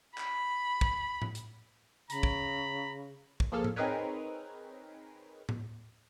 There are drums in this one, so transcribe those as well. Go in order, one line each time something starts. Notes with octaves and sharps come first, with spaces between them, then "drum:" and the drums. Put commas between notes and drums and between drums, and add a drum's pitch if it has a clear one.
B5, drum: clap
drum: kick
drum: tom A2
drum: hi-hat
C#3 A#5 B5, drum: hi-hat
drum: kick
drum: kick
F3 A#3 G#4 A4 F6
drum: tom A2
C4 D#4 G#4 A#4 B4 C#5
drum: tom A2